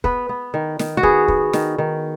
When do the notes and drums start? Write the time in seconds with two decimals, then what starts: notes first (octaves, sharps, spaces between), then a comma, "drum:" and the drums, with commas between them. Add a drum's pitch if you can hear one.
0.04 B3 B4, drum: kick
0.29 B3
0.54 D#3
0.79 D#3, drum: snare
0.97 F#4
1.03 B3 G#4, drum: kick
1.28 B3, drum: kick
1.53 D#3, drum: snare
1.78 D#3